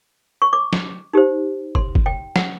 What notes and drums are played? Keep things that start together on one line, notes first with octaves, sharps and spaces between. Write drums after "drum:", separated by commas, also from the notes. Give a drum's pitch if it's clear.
C#6
D6
drum: snare
D#4 G4 C5
C6, drum: kick
drum: kick
G5
F#5, drum: snare